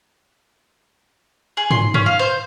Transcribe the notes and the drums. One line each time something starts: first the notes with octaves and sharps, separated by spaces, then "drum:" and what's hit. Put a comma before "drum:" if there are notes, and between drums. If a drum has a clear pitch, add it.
G#4
C6, drum: tom G#2
C#4, drum: tom
F5
C5